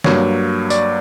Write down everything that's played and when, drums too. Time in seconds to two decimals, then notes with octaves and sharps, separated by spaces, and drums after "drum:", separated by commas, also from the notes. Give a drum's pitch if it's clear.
0.04 G2 F#3 A#3 C#5, drum: snare
0.70 D5, drum: tambourine